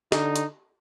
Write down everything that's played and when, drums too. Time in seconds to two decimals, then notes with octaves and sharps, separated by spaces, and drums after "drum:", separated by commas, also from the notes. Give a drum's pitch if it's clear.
0.12 D3 D#4, drum: snare
0.36 drum: hi-hat